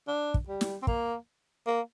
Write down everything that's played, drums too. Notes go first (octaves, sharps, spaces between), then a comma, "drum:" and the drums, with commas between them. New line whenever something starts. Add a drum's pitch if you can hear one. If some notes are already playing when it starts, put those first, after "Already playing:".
D4
drum: kick
G3
drum: snare
C4
A#3, drum: kick
A#3